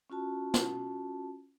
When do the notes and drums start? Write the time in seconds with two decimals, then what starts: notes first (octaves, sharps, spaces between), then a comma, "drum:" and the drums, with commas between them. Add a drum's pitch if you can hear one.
0.10 C#4 F4 F#4 A5
0.54 drum: snare